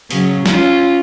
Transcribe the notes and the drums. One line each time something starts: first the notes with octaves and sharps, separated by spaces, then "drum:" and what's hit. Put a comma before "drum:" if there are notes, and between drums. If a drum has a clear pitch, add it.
C#3 F#3, drum: open hi-hat
C#4 F4, drum: snare